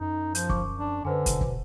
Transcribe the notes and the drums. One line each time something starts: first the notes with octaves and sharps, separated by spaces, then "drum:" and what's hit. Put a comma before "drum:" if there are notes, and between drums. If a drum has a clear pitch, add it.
F#2 D#4
F3 G6, drum: hi-hat
C#6 D6, drum: kick
D4
F#2 D3 B4 C5 G#5
B2, drum: kick, hi-hat
drum: kick